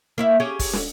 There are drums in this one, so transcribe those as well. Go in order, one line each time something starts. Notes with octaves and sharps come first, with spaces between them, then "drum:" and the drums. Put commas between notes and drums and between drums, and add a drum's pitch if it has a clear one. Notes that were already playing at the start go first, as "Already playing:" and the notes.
A#3 E4 E5
C#4 G4 G#4
drum: kick, open hi-hat
drum: snare